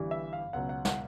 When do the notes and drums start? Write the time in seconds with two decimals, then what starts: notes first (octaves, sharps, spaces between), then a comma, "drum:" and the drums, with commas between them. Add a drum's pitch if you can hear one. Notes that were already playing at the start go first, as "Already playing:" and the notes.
Already playing: G1 G2 E3 G3
0.11 E5
0.33 F5
0.53 C#2 B2 F#3 F#5
0.69 F#5
0.85 F#5, drum: snare